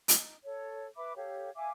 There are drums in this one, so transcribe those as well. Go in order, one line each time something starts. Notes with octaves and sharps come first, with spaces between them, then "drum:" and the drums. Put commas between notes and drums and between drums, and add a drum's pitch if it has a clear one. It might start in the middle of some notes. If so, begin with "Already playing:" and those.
D#4, drum: hi-hat
A4 C#5
B4 E5 B5 D6
G4 A4 C#5 F5
E5 F5 G#5 D6